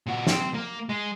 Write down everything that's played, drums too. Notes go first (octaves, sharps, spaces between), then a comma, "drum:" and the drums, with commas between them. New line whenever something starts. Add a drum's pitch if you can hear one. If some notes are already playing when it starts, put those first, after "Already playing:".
A#2 F#4
C4, drum: snare
A#3
G#3